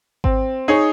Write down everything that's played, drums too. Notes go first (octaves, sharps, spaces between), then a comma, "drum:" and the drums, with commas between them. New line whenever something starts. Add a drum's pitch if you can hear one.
C4, drum: kick G#1
D#4 G#4 C#5